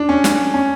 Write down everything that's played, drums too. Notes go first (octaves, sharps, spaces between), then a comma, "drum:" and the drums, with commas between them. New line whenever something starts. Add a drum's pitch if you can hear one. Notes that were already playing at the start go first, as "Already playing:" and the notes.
Already playing: D4
C#4
drum: snare
C#4